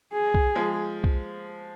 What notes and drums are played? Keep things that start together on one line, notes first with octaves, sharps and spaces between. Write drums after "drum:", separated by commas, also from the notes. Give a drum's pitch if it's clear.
G#4
drum: kick B1
F3 G#3
drum: kick B1